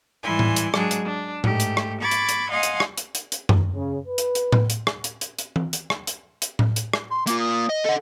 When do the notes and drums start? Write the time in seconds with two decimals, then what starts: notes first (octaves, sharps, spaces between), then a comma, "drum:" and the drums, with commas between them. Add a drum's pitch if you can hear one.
0.23 G#2 E3 G3 E4 G#5 C6
0.39 drum: tom A2
0.56 drum: hi-hat
0.74 F#3 G#3 D4 G#4, drum: rim click
0.91 drum: hi-hat
1.05 D4
1.44 G#2 A3 G4, drum: tom A2
1.60 drum: hi-hat
1.77 drum: rim click
2.01 B5 C#6 D6 G#6 A6
2.11 drum: hi-hat
2.29 drum: hi-hat
2.51 D#5 F5 F#5 G#5 C6
2.63 drum: hi-hat
2.80 drum: rim click
2.98 drum: hi-hat
3.15 drum: hi-hat
3.32 drum: hi-hat
3.49 drum: tom F#2
3.75 C#3
4.07 B4
4.18 drum: hi-hat
4.35 drum: hi-hat
4.52 drum: tom A2
4.70 drum: hi-hat
4.87 drum: rim click
5.04 drum: hi-hat
5.21 drum: hi-hat
5.39 drum: hi-hat
5.56 drum: tom E3
5.73 drum: hi-hat
5.90 drum: rim click
6.07 drum: hi-hat
6.42 drum: hi-hat
6.59 drum: tom A2
6.76 drum: hi-hat
6.93 drum: rim click
7.11 C6
7.27 A#3 F4 D6, drum: hi-hat
7.40 D#6
7.69 D#5
7.85 A4 D#5 F#5